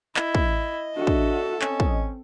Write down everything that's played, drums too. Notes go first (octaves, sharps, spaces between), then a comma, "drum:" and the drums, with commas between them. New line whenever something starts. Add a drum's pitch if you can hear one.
E4 D#5, drum: clap
drum: kick
D4 F#4 A4 E5
drum: kick
C4 C#4 D#5, drum: clap
drum: kick